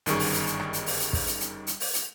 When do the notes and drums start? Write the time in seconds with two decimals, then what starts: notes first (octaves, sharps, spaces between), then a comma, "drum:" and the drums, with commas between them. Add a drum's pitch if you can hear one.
0.06 G1 F#2 D#3 G3 G#4 C#6, drum: hi-hat
0.19 drum: open hi-hat
0.33 drum: hi-hat
0.46 drum: hi-hat
0.60 drum: rim click
0.73 drum: hi-hat
0.86 drum: open hi-hat
1.00 drum: hi-hat
1.13 drum: kick, open hi-hat
1.27 drum: hi-hat
1.40 drum: hi-hat
1.67 drum: hi-hat
1.80 drum: open hi-hat
1.93 drum: hi-hat